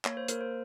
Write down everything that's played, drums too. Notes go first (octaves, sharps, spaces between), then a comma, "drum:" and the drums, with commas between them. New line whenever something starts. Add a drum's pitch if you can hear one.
A#3 C#5, drum: clap
C5
A#3 A#4, drum: hi-hat
C5